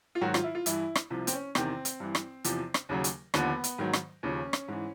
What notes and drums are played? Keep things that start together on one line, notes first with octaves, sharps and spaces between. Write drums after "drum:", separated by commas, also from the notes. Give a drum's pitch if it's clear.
F4
G#2 D#3 F#3 F#4
F4, drum: rim click
E4
F4
G2 E3 E4, drum: hi-hat
drum: rim click
C2 C3 F3
C4, drum: hi-hat
C#4
E2 C3 D#3 C4, drum: rim click
drum: hi-hat
G2 E3
drum: rim click
E2 C3 F3, drum: hi-hat
drum: rim click
D#2 C#3 F#3
drum: hi-hat
D#2 D3 F3 B3, drum: rim click
drum: hi-hat
G#2 D#3 F#3
drum: rim click
D#2 C#3 F3 C#4
drum: rim click
G#2 E3